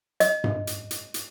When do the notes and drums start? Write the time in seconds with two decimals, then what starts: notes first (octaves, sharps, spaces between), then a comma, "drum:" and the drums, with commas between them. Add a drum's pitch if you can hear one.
0.20 D#5, drum: hi-hat
0.44 drum: tom G2
0.67 drum: hi-hat
0.91 drum: hi-hat
1.14 drum: hi-hat